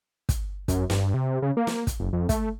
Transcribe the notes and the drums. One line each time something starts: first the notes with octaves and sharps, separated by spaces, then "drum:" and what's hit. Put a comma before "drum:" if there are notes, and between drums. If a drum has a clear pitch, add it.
drum: kick, hi-hat
F#2, drum: kick, hi-hat
G2, drum: snare
C3
C#3
A#3
drum: snare
drum: kick, hi-hat
F#1
F2
A3, drum: kick, hi-hat